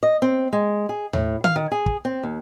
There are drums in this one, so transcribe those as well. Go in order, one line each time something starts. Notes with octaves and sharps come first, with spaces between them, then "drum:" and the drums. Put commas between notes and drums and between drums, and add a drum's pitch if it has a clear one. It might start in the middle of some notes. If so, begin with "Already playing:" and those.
D#5
C4
G#3
G#4
A2, drum: tom D#2
F5, drum: tom D#3
D#3
G#4
drum: kick
C4
D#2